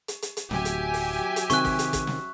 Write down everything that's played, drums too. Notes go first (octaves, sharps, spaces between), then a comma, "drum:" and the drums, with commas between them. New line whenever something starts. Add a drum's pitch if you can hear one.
drum: hi-hat
drum: hi-hat
drum: hi-hat
D1 F#3 G4 E5 G#5, drum: snare
drum: hi-hat
drum: open hi-hat
drum: hi-hat
C3 D#3 C4 C#6 F#6, drum: hi-hat
drum: kick, open hi-hat
drum: hi-hat
drum: kick, hi-hat
drum: snare